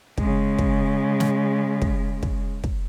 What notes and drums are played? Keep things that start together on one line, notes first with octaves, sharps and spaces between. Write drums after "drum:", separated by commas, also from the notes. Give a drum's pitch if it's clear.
C#3 G#3, drum: kick
drum: kick
drum: snare
drum: kick
drum: kick
drum: kick